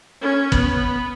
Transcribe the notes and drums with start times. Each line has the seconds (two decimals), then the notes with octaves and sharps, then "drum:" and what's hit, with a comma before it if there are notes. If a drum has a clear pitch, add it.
0.21 C#4
0.52 B3, drum: kick